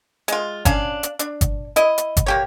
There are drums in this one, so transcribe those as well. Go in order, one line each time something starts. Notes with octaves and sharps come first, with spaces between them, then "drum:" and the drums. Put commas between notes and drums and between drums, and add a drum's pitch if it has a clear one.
G#3 F4, drum: hi-hat
C#4 D4 F5, drum: kick G1, hi-hat
drum: hi-hat
D4, drum: hi-hat
drum: kick G1, hi-hat
E4 D#5, drum: hi-hat
drum: hi-hat
drum: kick G1, hi-hat
A#3 G4 C#5